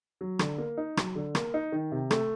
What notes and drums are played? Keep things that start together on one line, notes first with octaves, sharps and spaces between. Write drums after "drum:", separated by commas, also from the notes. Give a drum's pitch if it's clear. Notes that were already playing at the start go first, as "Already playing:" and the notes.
F#3
D3, drum: rim click
A#3
D#4
F#3, drum: rim click
D3
A#3, drum: rim click
D#4
D#3
C3
A3, drum: rim click